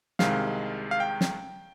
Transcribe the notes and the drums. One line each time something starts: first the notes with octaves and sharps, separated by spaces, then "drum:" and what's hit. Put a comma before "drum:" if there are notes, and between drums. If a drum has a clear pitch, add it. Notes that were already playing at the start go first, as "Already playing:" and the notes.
C2 C3 D#3 G#3 F5, drum: snare
F5
G5
drum: snare